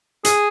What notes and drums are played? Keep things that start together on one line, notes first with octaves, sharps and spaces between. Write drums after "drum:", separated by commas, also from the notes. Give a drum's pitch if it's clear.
G#4, drum: hi-hat